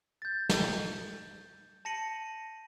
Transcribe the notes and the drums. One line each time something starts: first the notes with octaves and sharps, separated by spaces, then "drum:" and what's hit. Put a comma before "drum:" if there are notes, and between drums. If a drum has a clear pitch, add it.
G6 A6
drum: snare
A5 A#6 C#7 D#7 F#7